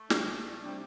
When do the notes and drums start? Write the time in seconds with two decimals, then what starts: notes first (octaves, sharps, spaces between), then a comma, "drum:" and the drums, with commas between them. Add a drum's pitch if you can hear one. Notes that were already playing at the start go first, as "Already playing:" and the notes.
Already playing: A3
0.10 D2 C3 G3 D4, drum: snare
0.63 C3 G3 D4